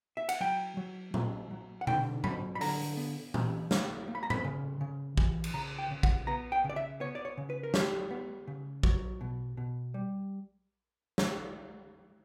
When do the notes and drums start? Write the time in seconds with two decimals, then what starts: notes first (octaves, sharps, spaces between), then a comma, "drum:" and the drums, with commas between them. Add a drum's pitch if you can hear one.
0.17 E5
0.29 F#5, drum: cymbal
0.40 F#3 G5
0.77 F#3
1.14 F#3, drum: tom A#2
1.51 F#3
1.81 F#5
1.87 D3 G5, drum: tom B2
2.24 F#3 B5, drum: tom G#2
2.55 B5
2.61 D3 A#5, drum: open hi-hat
2.97 B3
3.34 E3, drum: tom A#2
3.71 A#3, drum: snare
4.08 A#3
4.15 B5
4.23 A#5
4.30 B5, drum: tom G#2
4.44 C#3
4.81 C#3
5.18 E3, drum: kick A1
5.44 drum: cymbal
5.54 C#3 A#5
5.79 G5
5.91 C#3
6.03 F#5, drum: kick A1
6.27 B3 A#5
6.52 G5
6.64 C#3
6.69 D5
6.76 E5
7.00 B3 C#5
7.15 D5
7.25 C#5
7.37 C#3
7.50 B4
7.63 A#4
7.74 F#3 G4, drum: snare
8.11 B3
8.47 C#3
8.83 F#3, drum: kick A1
9.21 B2
9.57 B2
9.94 G3
11.18 drum: snare